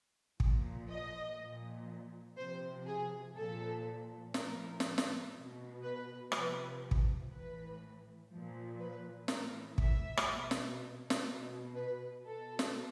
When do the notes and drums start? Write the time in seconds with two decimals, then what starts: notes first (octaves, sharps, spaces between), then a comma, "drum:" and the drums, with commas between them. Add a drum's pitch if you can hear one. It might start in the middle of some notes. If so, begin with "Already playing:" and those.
0.40 A#2 F3, drum: kick
0.89 D#5
1.38 A#2 F3
2.37 C3 F3 C5
2.86 G#4
3.36 A#2 F3 A4
4.34 A2 F3 A#4, drum: snare
4.80 drum: snare
4.98 drum: snare
5.33 B2
5.83 B4
6.32 C3 F3 B4, drum: rim click
6.91 drum: kick
7.30 A2 E3 B4
8.30 A#2 F3
8.79 B4
9.28 A2 E3 A#4, drum: snare
9.78 E5, drum: kick
10.17 drum: rim click
10.27 B2
10.51 drum: snare
11.10 drum: snare
11.26 B2
11.75 B4
12.24 B2 A4
12.59 drum: snare